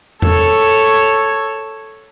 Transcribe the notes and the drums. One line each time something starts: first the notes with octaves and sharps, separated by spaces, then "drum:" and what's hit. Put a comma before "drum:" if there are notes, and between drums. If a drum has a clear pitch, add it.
A4 C#5, drum: tom E2